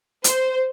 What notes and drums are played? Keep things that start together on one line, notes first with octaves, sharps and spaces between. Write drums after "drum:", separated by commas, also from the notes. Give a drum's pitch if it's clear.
C5, drum: hi-hat